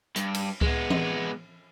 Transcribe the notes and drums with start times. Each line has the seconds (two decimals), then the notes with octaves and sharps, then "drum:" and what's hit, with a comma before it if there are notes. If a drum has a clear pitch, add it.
0.16 G2, drum: hi-hat
0.35 drum: cymbal
0.61 G#3 B3, drum: kick C#2
0.90 drum: tom E3